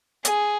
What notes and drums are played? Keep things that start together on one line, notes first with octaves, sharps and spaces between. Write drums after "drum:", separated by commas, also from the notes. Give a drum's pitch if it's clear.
G#4, drum: hi-hat